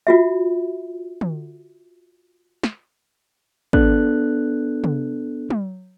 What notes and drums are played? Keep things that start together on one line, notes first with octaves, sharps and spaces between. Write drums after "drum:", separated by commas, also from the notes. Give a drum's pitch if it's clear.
F4 F#4 E5
drum: tom
drum: snare
B3 D4 A4 F#6, drum: kick
drum: tom
drum: tom